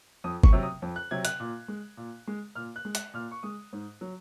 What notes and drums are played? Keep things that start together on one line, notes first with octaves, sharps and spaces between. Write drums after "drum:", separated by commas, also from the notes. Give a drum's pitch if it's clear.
F2 D#6
C#6, drum: kick G1
C3 F#3
D#6
F2
F#6
C3 F#3 G#6
F#6, drum: hi-hat
A#2
G#3
A#2
G#3
A#2 F6
F#6
G#3
F#6, drum: hi-hat
A#2 F6
C#6
G#3 D#6
G#2
F#3